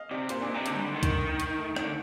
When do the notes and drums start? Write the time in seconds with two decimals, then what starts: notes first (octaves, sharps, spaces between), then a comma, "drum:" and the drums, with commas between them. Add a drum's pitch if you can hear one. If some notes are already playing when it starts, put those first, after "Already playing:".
Already playing: D#5 F5
0.11 C3 D5
0.29 A#2 C5, drum: hi-hat
0.41 A#2 D4
0.48 D#4
0.54 C3
0.66 D3 D4, drum: hi-hat
0.75 G3
0.84 D3
0.94 D#3
1.03 A#3, drum: kick, hi-hat
1.40 drum: hi-hat
1.58 A3
1.76 D#3, drum: rim click
1.83 D3